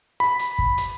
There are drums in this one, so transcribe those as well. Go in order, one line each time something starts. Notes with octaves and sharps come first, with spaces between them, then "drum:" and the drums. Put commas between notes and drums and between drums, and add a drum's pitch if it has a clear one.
B5
drum: hi-hat
drum: kick
drum: hi-hat